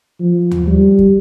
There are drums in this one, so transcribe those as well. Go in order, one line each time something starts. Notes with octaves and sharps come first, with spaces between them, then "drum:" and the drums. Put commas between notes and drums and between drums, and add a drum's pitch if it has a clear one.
F3
drum: tom D#2
G3
drum: kick